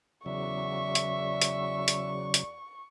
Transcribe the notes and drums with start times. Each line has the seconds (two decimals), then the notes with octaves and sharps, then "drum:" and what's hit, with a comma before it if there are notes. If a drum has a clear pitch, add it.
0.26 E2 C#3 F#3 D5 E5 C#6
0.95 drum: hi-hat
1.42 drum: hi-hat
1.88 drum: hi-hat
2.34 drum: hi-hat